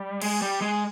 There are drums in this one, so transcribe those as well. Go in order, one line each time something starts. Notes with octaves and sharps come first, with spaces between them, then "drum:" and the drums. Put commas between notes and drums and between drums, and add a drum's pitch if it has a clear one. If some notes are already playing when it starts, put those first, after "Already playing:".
Already playing: G3
G#3, drum: cymbal
G3
G#3